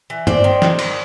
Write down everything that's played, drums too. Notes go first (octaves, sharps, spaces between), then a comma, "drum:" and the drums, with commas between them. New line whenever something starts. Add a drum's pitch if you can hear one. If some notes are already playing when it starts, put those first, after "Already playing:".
E3
C4 C5 D5, drum: tom G2
D#3
G#3, drum: snare
D#3, drum: cymbal